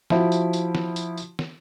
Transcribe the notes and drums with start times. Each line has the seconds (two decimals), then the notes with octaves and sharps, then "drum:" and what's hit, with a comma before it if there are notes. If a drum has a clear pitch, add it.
0.10 F3 E4 F#4, drum: snare
0.32 drum: tambourine
0.53 drum: tambourine
0.75 drum: snare
0.96 drum: tambourine
1.17 drum: tambourine
1.39 drum: snare